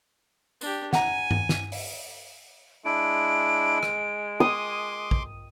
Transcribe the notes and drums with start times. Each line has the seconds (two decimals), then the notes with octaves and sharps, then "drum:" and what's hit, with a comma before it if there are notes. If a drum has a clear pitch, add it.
0.61 D4 G4, drum: tambourine
0.93 F#5 G#5 A#5, drum: snare
1.31 drum: tom G2
1.49 drum: snare
1.72 drum: open hi-hat
2.85 G#3 D4 E4 D7
3.83 drum: rim click
4.40 C6 D6 D#6
5.11 drum: kick